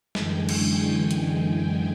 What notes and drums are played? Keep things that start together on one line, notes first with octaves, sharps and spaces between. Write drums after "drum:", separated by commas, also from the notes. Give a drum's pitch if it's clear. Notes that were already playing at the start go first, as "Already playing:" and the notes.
F#2 D3 E3 G#3 G5 G#5, drum: snare
drum: cymbal
drum: hi-hat